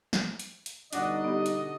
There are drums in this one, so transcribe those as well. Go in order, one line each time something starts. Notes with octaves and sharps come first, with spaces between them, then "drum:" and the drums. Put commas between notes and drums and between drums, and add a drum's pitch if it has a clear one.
drum: snare
drum: hi-hat
drum: hi-hat
G2 B2 D3 D4 D#4 F#4 D5 D#5, drum: hi-hat
B3 G4
drum: hi-hat